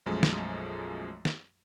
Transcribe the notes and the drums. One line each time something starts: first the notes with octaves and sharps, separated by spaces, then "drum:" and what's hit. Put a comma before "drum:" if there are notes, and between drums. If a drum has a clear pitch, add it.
B1 F#2 F3 G#3 A3
drum: snare
drum: snare